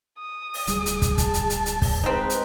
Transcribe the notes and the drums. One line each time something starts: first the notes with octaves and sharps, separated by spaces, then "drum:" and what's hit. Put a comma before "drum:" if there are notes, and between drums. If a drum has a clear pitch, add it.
D#6
drum: open hi-hat
D1 G3 G#4, drum: hi-hat
drum: hi-hat
drum: kick, hi-hat
A5, drum: kick, hi-hat
drum: hi-hat
drum: hi-hat
drum: hi-hat
drum: kick, open hi-hat
G#3 C4 D#4 B4
drum: hi-hat